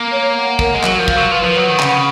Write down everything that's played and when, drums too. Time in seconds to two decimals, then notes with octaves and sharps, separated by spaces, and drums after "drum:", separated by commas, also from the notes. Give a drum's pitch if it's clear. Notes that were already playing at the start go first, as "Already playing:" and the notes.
Already playing: A#3
0.11 C#5
0.35 F#5
0.59 A#4, drum: kick
0.74 G#3
0.84 F#3 A#4, drum: clap
0.99 F3
1.08 F5, drum: kick
1.16 F#3
1.31 F3 B4
1.44 F3
1.56 F#3 F#5
1.69 D#3
1.80 C#3 B5, drum: clap